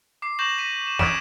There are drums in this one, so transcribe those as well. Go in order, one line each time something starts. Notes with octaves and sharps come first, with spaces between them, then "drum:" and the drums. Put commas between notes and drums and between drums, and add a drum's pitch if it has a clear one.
D6 C7
C#6 G6 A#6 E7 F#7
A#6 B6 D#7
E7
D#6 E6 G#6 B6 D7 E7, drum: snare